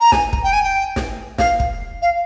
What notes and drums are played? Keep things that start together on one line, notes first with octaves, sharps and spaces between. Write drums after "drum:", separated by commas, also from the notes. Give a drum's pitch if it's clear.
A#5
G#5, drum: snare
drum: kick
G5
G#5
G5
drum: snare
F5, drum: snare
drum: kick
F5